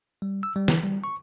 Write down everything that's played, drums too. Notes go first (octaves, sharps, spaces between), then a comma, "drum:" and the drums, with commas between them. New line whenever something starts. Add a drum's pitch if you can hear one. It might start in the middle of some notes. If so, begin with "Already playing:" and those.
G3
E6
G3
E3, drum: snare
G3
C#6